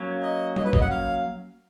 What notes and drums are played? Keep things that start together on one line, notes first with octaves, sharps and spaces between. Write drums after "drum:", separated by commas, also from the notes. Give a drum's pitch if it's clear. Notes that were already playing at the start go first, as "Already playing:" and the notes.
Already playing: F#3 A#3 C#4
D#5
D#5, drum: tom
B4
D#5, drum: kick A1
F#5
F5